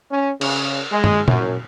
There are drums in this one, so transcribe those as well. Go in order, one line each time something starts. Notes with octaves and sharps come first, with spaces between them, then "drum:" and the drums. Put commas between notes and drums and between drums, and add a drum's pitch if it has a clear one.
C#4
C#3, drum: cymbal
G#3
drum: tom
F#2, drum: tom A#2